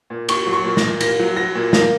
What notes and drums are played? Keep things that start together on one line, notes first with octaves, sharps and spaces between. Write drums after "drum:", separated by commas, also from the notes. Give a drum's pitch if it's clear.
A#2
A#2 C#6, drum: cymbal
F#3
C#6
A#2
A#6, drum: snare
A#2
A#3 A#6, drum: cymbal
F#3
F#3 A#6
A#2
A#3 A#6, drum: snare